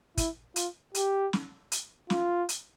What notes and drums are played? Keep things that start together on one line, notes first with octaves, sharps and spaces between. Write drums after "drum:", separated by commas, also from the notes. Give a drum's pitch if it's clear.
E4, drum: kick, hi-hat
F4, drum: hi-hat
G4, drum: hi-hat
drum: snare
drum: hi-hat
F4, drum: snare
drum: hi-hat